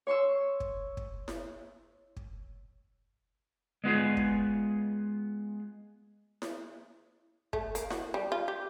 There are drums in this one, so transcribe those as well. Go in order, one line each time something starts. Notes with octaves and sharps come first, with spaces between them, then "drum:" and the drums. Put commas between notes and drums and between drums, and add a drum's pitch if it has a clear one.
C#5 C6 C#6 E6
drum: kick
drum: kick
drum: snare E4
drum: kick
G#3 B3 F4 G#4
drum: kick
drum: snare E4
A3, drum: kick
A#3, drum: hi-hat
F#4, drum: snare E4
G3
F4
G4